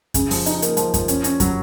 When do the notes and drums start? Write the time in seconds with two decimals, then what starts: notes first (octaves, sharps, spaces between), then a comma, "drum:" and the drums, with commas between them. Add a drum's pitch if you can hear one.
0.14 C#3, drum: kick F#2, hi-hat
0.31 F3, drum: open hi-hat
0.46 D#4, drum: hi-hat
0.62 A#3, drum: hi-hat
0.77 F3, drum: hi-hat
0.94 F3, drum: kick F#2, hi-hat
1.08 C#4, drum: hi-hat
1.24 C#4, drum: hi-hat
1.40 F#3, drum: kick F#2, hi-hat